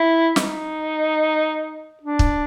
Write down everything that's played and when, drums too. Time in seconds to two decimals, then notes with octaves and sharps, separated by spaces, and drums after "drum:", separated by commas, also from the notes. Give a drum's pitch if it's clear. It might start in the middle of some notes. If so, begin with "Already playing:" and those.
Already playing: E4
0.36 D#4, drum: snare
2.03 D4
2.19 drum: kick